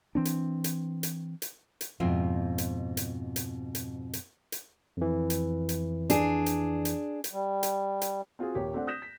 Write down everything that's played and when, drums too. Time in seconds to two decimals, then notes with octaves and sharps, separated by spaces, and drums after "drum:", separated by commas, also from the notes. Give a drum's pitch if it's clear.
0.15 E3 C4 D4
0.25 drum: hi-hat
0.64 drum: hi-hat
1.03 drum: hi-hat
1.42 drum: hi-hat
1.81 drum: hi-hat
2.00 F2 G#2 B2 C4 E4 F4
2.58 drum: hi-hat
2.97 drum: hi-hat
3.36 drum: hi-hat
3.75 drum: hi-hat
4.13 drum: hi-hat
4.52 drum: hi-hat
4.97 F2 E3
5.30 drum: hi-hat
5.69 drum: hi-hat
6.10 D4 G#4, drum: hi-hat
6.46 drum: hi-hat
6.85 drum: hi-hat
7.24 drum: hi-hat
7.33 G3
7.63 drum: hi-hat
8.02 drum: hi-hat
8.39 C4 F4 F#4 G#4
8.55 D#1 A#3 G4 C#5
8.73 A3 C4 D4 G4 F#5
8.87 D#6 F#6 G6 A#6 B6 E7
9.02 B6